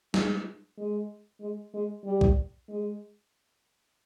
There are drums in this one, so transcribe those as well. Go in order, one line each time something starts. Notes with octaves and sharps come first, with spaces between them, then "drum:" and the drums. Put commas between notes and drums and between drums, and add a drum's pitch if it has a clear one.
G#3, drum: snare
G#3
G#3
G#3
G3
drum: kick B1
G#3